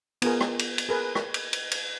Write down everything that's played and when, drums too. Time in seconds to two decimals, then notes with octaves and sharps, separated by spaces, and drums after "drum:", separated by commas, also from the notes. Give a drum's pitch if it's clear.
0.22 B3 F4 G#4 A#4, drum: cymbal
0.41 drum: rim click
0.59 drum: cymbal
0.78 drum: cymbal
0.89 G#4 A#4 B4
1.15 drum: rim click
1.34 drum: cymbal
1.53 drum: cymbal
1.71 drum: cymbal